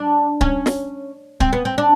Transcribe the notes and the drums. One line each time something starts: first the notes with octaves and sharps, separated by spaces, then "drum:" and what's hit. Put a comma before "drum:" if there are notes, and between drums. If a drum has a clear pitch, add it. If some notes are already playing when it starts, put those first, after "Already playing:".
Already playing: D4
C#4, drum: kick C#1
drum: snare
C4, drum: kick C#1
B3
C4
D4